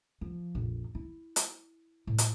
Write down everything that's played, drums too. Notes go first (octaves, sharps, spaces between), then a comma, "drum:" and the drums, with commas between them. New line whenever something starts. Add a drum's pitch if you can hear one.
F3
A#1 F2
E4
drum: hi-hat
A2
drum: hi-hat